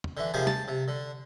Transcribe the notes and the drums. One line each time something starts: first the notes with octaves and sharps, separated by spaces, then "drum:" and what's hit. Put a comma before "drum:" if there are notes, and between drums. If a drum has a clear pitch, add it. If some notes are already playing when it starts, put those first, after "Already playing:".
drum: tom E2
D3 E3
D#2 C3 F3 G#4 C5
A5, drum: snare
C3
D3